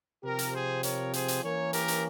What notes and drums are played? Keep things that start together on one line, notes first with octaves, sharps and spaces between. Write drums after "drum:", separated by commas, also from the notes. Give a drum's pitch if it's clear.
C3 F3 C4 G4 A#4
drum: hi-hat
G#4 C5
A#4 C#5, drum: hi-hat
G#4 C5, drum: hi-hat
drum: hi-hat
E3 A#3 C#4 A#4 C#5
G4 A#4, drum: hi-hat
drum: hi-hat